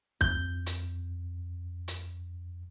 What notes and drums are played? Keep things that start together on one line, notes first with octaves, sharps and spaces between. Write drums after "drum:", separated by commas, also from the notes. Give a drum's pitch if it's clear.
F2 G6, drum: kick
drum: hi-hat
drum: hi-hat